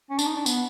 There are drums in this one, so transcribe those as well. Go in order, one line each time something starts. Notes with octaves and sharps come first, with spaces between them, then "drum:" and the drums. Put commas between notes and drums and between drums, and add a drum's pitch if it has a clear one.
C#4
D4, drum: tambourine
D#4
D4
B3, drum: tambourine